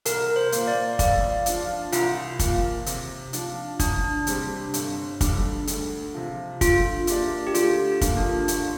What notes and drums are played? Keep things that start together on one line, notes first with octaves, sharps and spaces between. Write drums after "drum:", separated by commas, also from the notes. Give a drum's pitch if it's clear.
C2 A#4, drum: hi-hat
C5
A#2 A#3, drum: hi-hat
D5
F5
F2 D5, drum: kick, hi-hat
F5
F3 D4 F4, drum: hi-hat
C2 F4, drum: hi-hat
A#2 F3 A#3, drum: kick, hi-hat
C3, drum: hi-hat
F3 D4, drum: hi-hat
C2 D4, drum: kick, hi-hat
C3 G3 C4 G4, drum: hi-hat
G1, drum: hi-hat
F2 D3 G3 D4, drum: kick, hi-hat
D2, drum: hi-hat
C3 F3
D3 F4, drum: kick, hi-hat
A#3 D4 G4 D5, drum: hi-hat
G4
D2 F4, drum: hi-hat
F4
D3 F3 A#3, drum: kick, hi-hat
D4
G1, drum: hi-hat